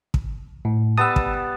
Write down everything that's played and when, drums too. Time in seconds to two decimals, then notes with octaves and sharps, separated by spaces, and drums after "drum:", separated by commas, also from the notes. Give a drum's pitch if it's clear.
0.14 drum: kick
0.65 A2
0.98 G3 B3 A5 D#6 E6
1.16 drum: kick